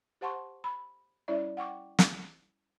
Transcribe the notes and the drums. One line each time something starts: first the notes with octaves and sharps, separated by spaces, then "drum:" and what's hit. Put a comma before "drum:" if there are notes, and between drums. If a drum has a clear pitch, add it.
G4 C5 F#5 A5 C6 C#6
B5
G3 C#4 E4 C#5 D5 E5
F#5 G5 C#6 D6
drum: snare